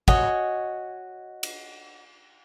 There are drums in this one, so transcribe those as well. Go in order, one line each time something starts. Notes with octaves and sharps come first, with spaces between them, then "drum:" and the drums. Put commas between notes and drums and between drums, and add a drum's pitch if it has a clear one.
F#4 C#5 D#5 G#5, drum: kick
drum: cymbal